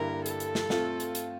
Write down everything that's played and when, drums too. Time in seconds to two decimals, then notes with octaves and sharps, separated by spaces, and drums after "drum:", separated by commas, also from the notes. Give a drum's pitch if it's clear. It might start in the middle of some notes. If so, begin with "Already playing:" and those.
Already playing: G2 D3 G3 A#3 E4 A#4
0.26 A4, drum: hi-hat
0.40 drum: hi-hat
0.55 drum: snare
0.70 A3 C4 F4, drum: snare
1.00 drum: hi-hat
1.15 drum: hi-hat